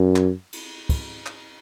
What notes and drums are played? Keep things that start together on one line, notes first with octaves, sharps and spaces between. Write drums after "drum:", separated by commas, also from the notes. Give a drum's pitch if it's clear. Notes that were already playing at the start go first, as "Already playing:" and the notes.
Already playing: F#2
drum: clap
drum: cymbal
drum: kick, cymbal
drum: clap